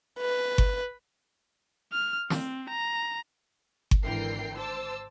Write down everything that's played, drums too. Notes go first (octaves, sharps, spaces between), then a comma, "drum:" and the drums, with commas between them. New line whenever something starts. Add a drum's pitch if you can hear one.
B4
drum: kick G1
F6
C4, drum: snare
A#5
drum: kick G1
G#1 D3 E3 A#4 G5 C7
C5 A5 D6 E6